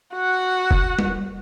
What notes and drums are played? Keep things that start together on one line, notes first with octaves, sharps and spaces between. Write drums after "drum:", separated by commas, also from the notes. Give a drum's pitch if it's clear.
F#4 F#5
drum: kick F1
drum: tom G3